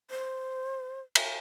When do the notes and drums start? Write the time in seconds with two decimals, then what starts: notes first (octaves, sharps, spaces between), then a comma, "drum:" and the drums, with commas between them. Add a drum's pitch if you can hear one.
0.11 C5
1.15 drum: cymbal